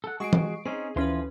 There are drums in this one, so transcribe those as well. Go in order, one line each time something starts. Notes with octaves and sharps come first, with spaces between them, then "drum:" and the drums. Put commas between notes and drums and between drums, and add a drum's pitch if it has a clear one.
A4 F#5
G#3 F#4 G#4 C#6 C7 D7
drum: tom E3
C4 C#4 D#4 G#4
D2 E3 F3 C#4 B4 C6